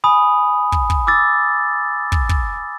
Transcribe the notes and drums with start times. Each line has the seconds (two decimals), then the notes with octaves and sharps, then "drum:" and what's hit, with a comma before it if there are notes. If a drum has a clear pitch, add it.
0.04 G#5 B5 D#6
0.72 drum: kick
0.90 drum: kick
1.07 D6 E6 A6
2.12 drum: kick
2.29 drum: kick